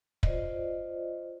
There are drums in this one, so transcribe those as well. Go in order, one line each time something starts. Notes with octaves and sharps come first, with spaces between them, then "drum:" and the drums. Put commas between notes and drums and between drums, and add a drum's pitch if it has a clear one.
F4 C5 D5 D#5, drum: kick